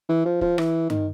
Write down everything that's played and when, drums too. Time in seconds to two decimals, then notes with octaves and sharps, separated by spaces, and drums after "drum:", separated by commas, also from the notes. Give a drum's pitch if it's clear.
0.09 E3
0.25 F3
0.41 F3, drum: kick
0.58 E3, drum: rim click
0.90 D#3, drum: tom G2